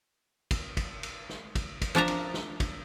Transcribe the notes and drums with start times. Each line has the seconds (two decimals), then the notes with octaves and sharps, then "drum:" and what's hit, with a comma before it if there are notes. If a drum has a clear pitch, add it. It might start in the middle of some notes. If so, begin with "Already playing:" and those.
0.51 drum: kick, cymbal
0.77 drum: kick, cymbal
1.03 drum: cymbal
1.29 drum: snare
1.55 drum: kick, cymbal
1.82 drum: kick, cymbal
1.95 F3 D4 E5 A#5
2.08 drum: cymbal
2.34 drum: snare
2.60 drum: kick, cymbal